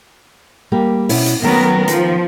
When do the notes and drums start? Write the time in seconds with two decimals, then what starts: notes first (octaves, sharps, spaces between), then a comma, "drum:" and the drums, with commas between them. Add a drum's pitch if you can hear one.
0.72 G3 A#3 G4
1.09 B2 C#4 E4, drum: open hi-hat
1.26 drum: hi-hat
1.43 D#3 F#3 A3 B3 C#4 A#4
1.88 F3, drum: hi-hat